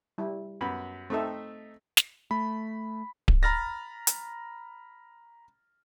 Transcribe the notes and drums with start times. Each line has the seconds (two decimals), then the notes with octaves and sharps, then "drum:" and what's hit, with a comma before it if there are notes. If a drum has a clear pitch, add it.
0.18 G3 E4
0.61 F#2 B3 B5
1.10 A3 C4 D#4 A4 E5
1.97 drum: snare
2.31 A3 B5
3.28 drum: kick D1
3.43 A#5 B5 F6 A6 A#6
4.07 drum: hi-hat